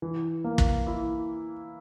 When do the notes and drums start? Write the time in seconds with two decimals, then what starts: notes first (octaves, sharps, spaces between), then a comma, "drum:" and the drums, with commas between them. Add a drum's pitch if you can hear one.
0.02 E3
0.44 A#3
0.58 drum: kick
0.87 E4